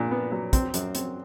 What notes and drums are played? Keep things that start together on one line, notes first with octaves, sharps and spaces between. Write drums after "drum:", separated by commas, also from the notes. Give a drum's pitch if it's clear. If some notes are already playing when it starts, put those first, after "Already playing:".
Already playing: A#2 D4
B3
F#3
C4, drum: kick, hi-hat
F#2, drum: hi-hat
C4, drum: hi-hat